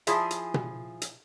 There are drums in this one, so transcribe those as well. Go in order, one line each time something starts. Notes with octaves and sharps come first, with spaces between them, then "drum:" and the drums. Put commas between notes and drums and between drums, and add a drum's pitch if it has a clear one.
F3 E4 G#4 E5 G#5, drum: hi-hat
drum: hi-hat
drum: tom B2
drum: hi-hat